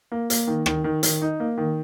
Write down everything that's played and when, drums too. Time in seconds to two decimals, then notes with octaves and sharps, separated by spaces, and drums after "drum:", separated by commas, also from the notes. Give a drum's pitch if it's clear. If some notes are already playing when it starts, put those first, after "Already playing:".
0.12 A#3
0.30 A#3, drum: hi-hat
0.47 D#3
0.66 D#3, drum: rim click
0.84 D#3
1.03 D#3, drum: hi-hat
1.22 D#4
1.40 A#3
1.58 D#3